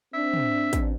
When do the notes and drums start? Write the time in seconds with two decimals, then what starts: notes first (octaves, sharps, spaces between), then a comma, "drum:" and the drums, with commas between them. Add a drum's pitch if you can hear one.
0.14 C4 D4 E5
0.34 drum: tom
0.73 drum: kick, hi-hat